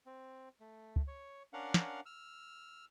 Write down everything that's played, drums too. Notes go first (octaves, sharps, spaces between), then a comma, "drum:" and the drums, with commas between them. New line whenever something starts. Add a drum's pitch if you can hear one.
C4
A3
drum: kick
C#5
C#4 D4 A#4 F5 F#5
drum: snare
E6 F6